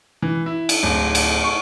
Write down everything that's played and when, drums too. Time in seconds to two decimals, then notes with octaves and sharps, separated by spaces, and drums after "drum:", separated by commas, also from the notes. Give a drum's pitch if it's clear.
0.22 E3
0.46 E4
0.69 drum: cymbal
0.83 D1
1.15 drum: cymbal
1.44 C#6